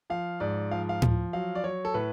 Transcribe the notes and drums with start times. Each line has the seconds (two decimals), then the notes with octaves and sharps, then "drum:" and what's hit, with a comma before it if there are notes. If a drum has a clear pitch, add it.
0.10 F3 F5
0.40 G#2 D5
0.71 F3 F5
0.89 F5
1.02 F3, drum: tom A2
1.33 F#3 F5
1.55 D5
1.64 F#3 C#5
1.85 A4
1.94 A2 B4